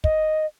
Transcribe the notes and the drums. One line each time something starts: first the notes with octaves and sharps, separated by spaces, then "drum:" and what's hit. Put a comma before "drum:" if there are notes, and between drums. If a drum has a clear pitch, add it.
D#5, drum: kick